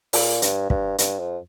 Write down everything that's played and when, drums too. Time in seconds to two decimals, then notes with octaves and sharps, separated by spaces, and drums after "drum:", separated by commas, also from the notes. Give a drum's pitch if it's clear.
0.13 A#2, drum: open hi-hat
0.42 G2, drum: hi-hat
0.70 G2, drum: kick
0.98 G2, drum: hi-hat
1.19 F2